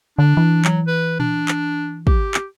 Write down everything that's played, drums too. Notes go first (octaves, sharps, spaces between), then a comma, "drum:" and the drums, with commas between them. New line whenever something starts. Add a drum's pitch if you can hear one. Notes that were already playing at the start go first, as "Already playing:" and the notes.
D3 D4
E3
F#3, drum: clap
B4
D4, drum: tom A#2
drum: clap
G4, drum: kick
drum: clap